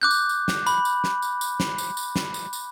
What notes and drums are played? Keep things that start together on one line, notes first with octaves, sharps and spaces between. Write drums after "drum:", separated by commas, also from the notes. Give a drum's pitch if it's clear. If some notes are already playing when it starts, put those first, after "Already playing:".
D6 F#6 G6
drum: tambourine
drum: tambourine
drum: snare
B5, drum: tambourine
drum: tambourine
drum: snare
drum: tambourine
drum: tambourine
drum: snare
drum: tambourine
drum: tambourine
drum: snare
drum: tambourine
drum: tambourine